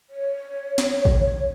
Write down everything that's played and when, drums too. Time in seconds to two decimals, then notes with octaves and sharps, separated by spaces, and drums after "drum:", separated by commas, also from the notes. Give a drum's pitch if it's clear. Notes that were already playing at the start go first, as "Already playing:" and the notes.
0.10 C#5
0.78 drum: snare
1.05 drum: kick